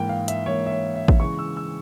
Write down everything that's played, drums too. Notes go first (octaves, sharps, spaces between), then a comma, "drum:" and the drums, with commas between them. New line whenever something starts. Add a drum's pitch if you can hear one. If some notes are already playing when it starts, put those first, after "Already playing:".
Already playing: G#2 E3 A#3 G5
F5
E5, drum: hi-hat
G#2 E3 A#3 C#5
E5
C#5
E5
drum: kick A1
C#3 E3 G#3 C#6
E6
E6